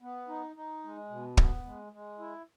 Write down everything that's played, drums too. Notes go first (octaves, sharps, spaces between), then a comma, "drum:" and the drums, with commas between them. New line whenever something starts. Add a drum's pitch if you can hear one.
B3
D#4
D#4
G#3
B2
B3, drum: kick
G#3
G#3
E4